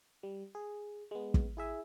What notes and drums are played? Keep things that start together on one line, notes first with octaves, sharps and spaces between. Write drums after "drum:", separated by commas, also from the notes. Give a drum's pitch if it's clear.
G3
G#4
G#3 B3
drum: kick
E4 G#4 E5 G#5